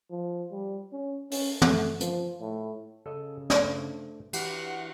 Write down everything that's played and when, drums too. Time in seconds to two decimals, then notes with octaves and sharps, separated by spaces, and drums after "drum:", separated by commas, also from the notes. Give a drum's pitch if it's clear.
0.11 F3
0.51 G3
0.93 C#4
1.31 C#4, drum: open hi-hat
1.62 A3, drum: tom
2.00 F3, drum: hi-hat
2.41 A2
3.06 C#3 A4 D#5
3.50 A3 D4 C5, drum: snare
4.33 E3 G4 F#5, drum: cymbal